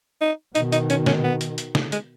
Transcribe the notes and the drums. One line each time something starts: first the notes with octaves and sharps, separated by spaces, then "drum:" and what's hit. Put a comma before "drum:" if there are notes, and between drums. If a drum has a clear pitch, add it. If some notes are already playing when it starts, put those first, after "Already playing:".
D#4
B2 D#3 D#4, drum: hi-hat
D#4, drum: hi-hat
C#4, drum: hi-hat
C#4, drum: snare
B3
drum: hi-hat
drum: hi-hat
drum: snare
G#3, drum: hi-hat